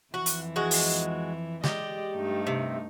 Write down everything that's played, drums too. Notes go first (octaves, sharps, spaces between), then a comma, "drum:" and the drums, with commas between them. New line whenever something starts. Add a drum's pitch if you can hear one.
F2 E3 F#4
drum: hi-hat
G#3 F#4
drum: open hi-hat
G#3 G4 D5 D#5, drum: snare
G2 A3 D#4
C3